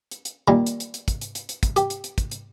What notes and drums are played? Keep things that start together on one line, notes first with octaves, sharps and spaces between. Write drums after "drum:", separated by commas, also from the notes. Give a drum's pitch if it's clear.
drum: hi-hat
drum: hi-hat
A#2 D#3 G3
drum: hi-hat
drum: hi-hat
drum: hi-hat
drum: kick, hi-hat
drum: hi-hat
drum: hi-hat
drum: hi-hat
drum: kick, hi-hat
G4, drum: hi-hat
drum: hi-hat
drum: hi-hat
drum: kick, hi-hat
drum: hi-hat